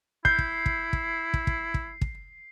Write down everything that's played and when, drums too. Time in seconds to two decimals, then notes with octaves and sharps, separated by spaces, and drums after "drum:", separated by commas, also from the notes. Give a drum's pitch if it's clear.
0.25 E4 G6 C7, drum: kick
0.39 drum: kick
0.66 drum: kick
0.93 drum: kick
1.34 drum: kick
1.47 drum: kick
1.74 drum: kick
2.01 drum: kick